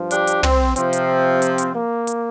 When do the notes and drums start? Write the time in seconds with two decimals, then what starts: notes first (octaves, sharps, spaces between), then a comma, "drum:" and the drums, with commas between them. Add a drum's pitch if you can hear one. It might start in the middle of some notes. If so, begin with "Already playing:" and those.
Already playing: G2 F3
0.11 D4 G4, drum: hi-hat
0.27 drum: hi-hat
0.43 C4, drum: tom
0.76 C3 F3 C4, drum: hi-hat
0.93 drum: hi-hat
1.42 drum: hi-hat
1.58 drum: hi-hat
1.75 A#3
2.07 drum: hi-hat